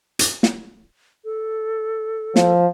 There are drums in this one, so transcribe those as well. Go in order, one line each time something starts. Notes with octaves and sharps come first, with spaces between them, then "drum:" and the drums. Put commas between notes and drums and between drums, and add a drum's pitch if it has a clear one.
drum: hi-hat
drum: snare
A4
F3, drum: snare